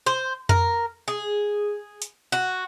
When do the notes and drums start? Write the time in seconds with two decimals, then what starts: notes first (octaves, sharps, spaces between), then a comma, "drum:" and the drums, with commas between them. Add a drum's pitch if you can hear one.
0.06 C5
0.49 A#4, drum: tom F2
1.08 G#4
2.02 drum: hi-hat
2.32 F#4